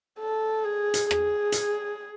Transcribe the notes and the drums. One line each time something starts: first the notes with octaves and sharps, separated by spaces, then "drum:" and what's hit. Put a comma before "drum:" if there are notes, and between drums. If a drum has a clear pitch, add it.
A4
G#4
drum: hi-hat
G#4, drum: rim click
drum: hi-hat